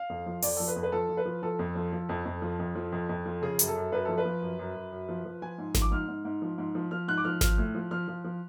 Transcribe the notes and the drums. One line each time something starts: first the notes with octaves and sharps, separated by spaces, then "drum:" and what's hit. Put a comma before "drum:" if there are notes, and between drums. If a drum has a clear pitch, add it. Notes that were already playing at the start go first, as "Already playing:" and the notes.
Already playing: F5
F2
F3
F2 D5, drum: open hi-hat
F3 A4
B4
F2
B4
F3 A4
F3
B4
F3
F3 A4
F2
F3
F3
F2
F2
F3
F2
F3
F2
F2
F3
C#3 G#4
F#2, drum: hi-hat
A4
F#2
F#2 B4
F3 A4
B4
F3
F#2
F#2
F#2
F#2
F3
F3
F3 G#5
G#2
F3, drum: snare G#1
D6
G#2 F6
G#2
G#2
F3
G#2
F3
F3 F6
G#2 F#6
D6
F3 F6
F3 F6, drum: snare G#1
A2
F3
F3 F6
F3
F3